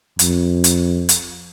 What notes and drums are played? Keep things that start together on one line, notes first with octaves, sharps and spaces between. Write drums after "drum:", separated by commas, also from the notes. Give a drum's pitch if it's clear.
F2, drum: hi-hat
drum: hi-hat
drum: hi-hat